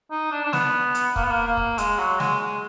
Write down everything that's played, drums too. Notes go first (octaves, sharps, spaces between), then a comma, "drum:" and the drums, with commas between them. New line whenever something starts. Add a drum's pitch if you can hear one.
D#4
D4
D4
B3, drum: snare
drum: hi-hat
A#3, drum: kick
B3
A#3
A#3
drum: kick
G#3, drum: hi-hat
F#3
G#3, drum: snare
G#3